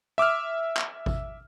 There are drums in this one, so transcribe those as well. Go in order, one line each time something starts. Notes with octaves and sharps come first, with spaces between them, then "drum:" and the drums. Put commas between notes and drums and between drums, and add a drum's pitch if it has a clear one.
E5 D6 E6 F6
drum: clap
drum: kick G#1